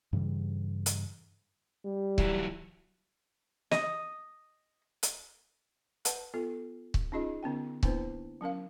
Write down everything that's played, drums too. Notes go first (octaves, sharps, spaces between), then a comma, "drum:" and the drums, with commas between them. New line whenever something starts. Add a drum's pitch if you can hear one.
G2 C#3 E3 G3
drum: hi-hat
G3
E3 F#3, drum: kick C#1
D#5, drum: snare
drum: hi-hat
B4 F#5 A5, drum: hi-hat
B3 F4 A4
drum: kick C#1
C#4 D#4 F4 G#4 D#5
D3 B3 C#4 G5
A#3 B3 D4 E4 B4 C5, drum: kick C#1
F#3 C#4 A#4 F5